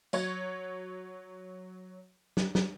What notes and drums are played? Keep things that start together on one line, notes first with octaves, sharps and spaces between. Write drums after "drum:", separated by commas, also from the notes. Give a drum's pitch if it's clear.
F#3 C#5, drum: tambourine
drum: snare
drum: snare